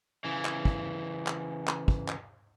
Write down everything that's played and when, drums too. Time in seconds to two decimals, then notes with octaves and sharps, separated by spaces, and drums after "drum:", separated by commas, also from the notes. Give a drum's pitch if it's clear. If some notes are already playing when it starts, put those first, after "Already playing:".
0.24 C#3 E3
0.45 drum: clap
0.65 drum: kick
1.27 drum: clap
1.68 drum: clap
1.88 drum: kick
2.08 drum: clap